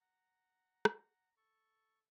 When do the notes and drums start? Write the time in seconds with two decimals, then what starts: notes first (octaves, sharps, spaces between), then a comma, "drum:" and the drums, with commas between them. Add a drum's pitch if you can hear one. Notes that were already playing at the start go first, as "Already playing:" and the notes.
0.01 F#5 A#5
0.85 drum: rim click
1.37 A4 C#6